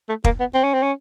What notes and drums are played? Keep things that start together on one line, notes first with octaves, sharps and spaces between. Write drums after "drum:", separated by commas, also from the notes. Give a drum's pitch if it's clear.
A3
A#3, drum: kick
B3
C4
C#4
C4
C#4